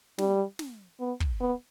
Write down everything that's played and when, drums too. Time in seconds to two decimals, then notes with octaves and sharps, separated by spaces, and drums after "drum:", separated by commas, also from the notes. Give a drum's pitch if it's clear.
0.18 G3, drum: snare
0.59 drum: snare
1.00 B3
1.20 drum: kick
1.40 B3